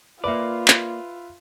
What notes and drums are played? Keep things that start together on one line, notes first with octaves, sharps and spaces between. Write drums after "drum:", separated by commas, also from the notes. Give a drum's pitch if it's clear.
A#3 F4 B4 D5 E5
drum: clap